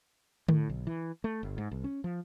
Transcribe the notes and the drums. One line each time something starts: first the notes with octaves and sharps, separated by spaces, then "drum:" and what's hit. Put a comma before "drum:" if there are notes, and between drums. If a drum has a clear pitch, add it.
A2, drum: tom D3
B1
E3
A3
G1
G#2
C2
C#4
F3